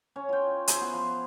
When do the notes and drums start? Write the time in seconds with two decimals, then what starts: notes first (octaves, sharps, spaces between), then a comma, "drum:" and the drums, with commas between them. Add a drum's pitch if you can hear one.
0.16 C#4 C#5
0.29 F4 G5
0.68 G#4 C5 E5, drum: hi-hat
0.81 B3
0.93 F3